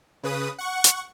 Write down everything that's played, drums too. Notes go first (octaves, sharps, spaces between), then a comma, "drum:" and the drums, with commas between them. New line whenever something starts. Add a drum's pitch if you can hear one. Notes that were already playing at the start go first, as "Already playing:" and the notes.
C#3 B4 D#6
F#5 C#6
drum: hi-hat